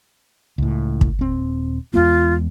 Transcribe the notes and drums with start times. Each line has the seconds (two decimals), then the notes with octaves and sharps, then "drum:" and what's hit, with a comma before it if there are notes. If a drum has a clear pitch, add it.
0.58 C#2 A2
1.01 drum: kick
1.19 D#1 C4
1.94 E2 G#3 B3 F4